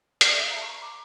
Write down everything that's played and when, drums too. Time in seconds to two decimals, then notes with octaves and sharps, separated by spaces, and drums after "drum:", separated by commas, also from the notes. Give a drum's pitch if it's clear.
0.21 D5, drum: hi-hat
0.32 E5
0.44 F5
0.50 A#5
0.56 A5
0.62 C#6
0.67 A#5
0.82 D6